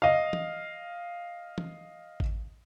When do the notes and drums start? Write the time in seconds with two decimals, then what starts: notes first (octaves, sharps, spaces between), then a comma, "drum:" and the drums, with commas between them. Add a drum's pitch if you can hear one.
0.02 D#5 F5
0.33 drum: tom
1.58 drum: tom
2.20 drum: kick G#1